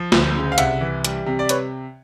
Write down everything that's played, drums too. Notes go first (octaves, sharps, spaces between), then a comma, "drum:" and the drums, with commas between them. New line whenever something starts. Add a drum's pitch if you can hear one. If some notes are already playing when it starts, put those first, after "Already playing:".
Already playing: F3
D2, drum: snare
C#3
F5
C2 E5 F#5, drum: hi-hat
E3
G3, drum: hi-hat
C3
D5
B4 C#5, drum: hi-hat